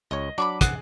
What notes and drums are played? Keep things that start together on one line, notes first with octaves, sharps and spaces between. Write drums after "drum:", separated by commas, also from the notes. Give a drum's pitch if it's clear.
C#2 C#5 D#5
F#3 D4 B5 C#6 D6
G#4 F#5 F#6, drum: kick, hi-hat